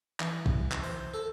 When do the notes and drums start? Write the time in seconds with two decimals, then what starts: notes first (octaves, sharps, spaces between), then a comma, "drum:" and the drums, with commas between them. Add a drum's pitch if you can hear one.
0.20 E3, drum: clap
0.46 drum: kick
0.72 drum: clap
0.84 C5
1.14 A4